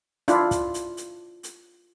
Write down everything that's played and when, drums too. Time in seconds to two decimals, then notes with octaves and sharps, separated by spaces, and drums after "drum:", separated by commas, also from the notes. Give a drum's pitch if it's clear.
0.28 D4 E4 F4, drum: hi-hat
0.51 drum: kick, hi-hat
0.74 drum: hi-hat
0.97 drum: hi-hat
1.43 drum: hi-hat